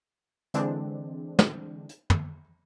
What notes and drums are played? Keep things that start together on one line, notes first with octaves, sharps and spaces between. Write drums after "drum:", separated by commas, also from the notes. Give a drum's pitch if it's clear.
D3 E3 G#3 C4 D4, drum: hi-hat
drum: snare
drum: hi-hat
drum: tom